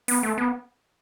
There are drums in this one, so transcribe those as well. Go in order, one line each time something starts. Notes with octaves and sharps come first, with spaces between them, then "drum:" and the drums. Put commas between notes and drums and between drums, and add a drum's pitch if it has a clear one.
B3, drum: open hi-hat
A3
B3